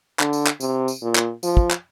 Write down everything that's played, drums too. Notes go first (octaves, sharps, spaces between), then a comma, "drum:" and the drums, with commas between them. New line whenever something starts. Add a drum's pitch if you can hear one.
D3, drum: clap
drum: tambourine
drum: clap
C3, drum: tambourine
drum: tambourine
A#2
drum: clap
F3, drum: tambourine
drum: kick
drum: clap